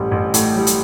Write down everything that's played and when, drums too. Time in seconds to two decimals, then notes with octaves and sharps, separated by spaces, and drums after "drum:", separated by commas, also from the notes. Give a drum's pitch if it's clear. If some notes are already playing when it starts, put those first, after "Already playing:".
Already playing: A1 G3
0.11 A1
0.34 A2, drum: hi-hat
0.56 G3
0.67 drum: hi-hat